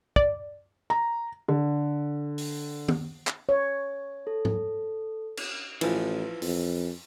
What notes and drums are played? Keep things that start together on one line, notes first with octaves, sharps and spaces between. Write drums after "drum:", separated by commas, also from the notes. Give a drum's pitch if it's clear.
D5, drum: kick
A#5
D3
drum: open hi-hat
drum: tom
drum: clap
C#5
A4
drum: tom G#2
drum: cymbal
A1 E3 F3, drum: cymbal
F2, drum: open hi-hat